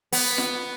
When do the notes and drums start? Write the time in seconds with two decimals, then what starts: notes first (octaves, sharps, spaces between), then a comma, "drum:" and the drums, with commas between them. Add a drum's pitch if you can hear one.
0.12 B3, drum: open hi-hat
0.38 drum: snare F4